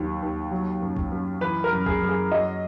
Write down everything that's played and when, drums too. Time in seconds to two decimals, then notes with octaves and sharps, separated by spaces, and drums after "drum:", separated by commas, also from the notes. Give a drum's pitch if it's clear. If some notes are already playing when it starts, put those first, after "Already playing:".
Already playing: D#2 F#3
0.22 D#2
0.51 F#3
0.82 F#2
0.97 drum: kick C2
1.11 F#2
1.41 E3 B4
1.64 A#4
1.71 F#2
1.86 G#4, drum: kick C2
2.02 F#2
2.09 G#4
2.32 F#3 D#5